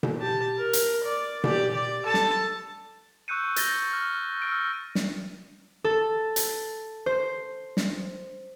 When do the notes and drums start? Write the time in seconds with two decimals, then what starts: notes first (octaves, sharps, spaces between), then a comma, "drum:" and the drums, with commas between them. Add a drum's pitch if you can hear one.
0.03 drum: tom B2
0.19 G4 A5
0.58 A#4
0.73 drum: hi-hat
1.04 D5
1.44 G4 D5, drum: tom B2
1.73 D5
2.04 A4 A5
2.14 drum: snare
3.28 C#6 E6 F#6 G6 C#7 D#7
3.56 G6 A6 A#6 G7, drum: hi-hat
3.93 F6
4.42 E6 F6 D7
4.95 drum: snare
5.84 A4
6.36 drum: hi-hat
7.06 C5
7.77 drum: snare